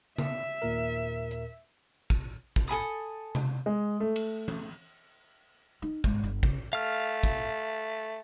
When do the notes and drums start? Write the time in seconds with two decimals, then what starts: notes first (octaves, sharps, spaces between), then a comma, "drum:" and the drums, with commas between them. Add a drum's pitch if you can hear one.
0.18 E5, drum: tom C#3
0.62 D#2 A#2 A#4
1.31 drum: hi-hat
2.10 drum: kick
2.56 drum: kick
2.68 A4 G#5 B5 D#6
3.35 drum: tom C3
3.66 G#3
4.00 A3
4.16 drum: cymbal
4.48 drum: tom E3
5.82 D#4
6.04 G#2, drum: kick
6.23 G1
6.43 C#3, drum: kick
6.73 A3 F5 F6
7.23 drum: kick